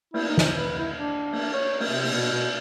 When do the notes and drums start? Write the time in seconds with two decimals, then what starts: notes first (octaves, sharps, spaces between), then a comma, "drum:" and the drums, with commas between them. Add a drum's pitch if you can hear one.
0.14 E4, drum: cymbal
0.28 D#4
0.38 drum: snare
0.56 B4
0.79 E4
0.97 D4
1.33 drum: cymbal
1.53 C#5
1.80 drum: cymbal
1.89 C3
2.04 drum: cymbal
2.13 B2
2.32 B2